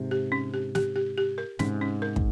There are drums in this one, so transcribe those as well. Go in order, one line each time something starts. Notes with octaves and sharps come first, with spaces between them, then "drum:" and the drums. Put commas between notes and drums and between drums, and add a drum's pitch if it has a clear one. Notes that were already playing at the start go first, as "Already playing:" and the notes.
Already playing: G#2 C3
G4
C#4
G4
G4, drum: snare
G4
G4
A#4
G#2 C3 C#4, drum: snare
C#4
A#4
drum: kick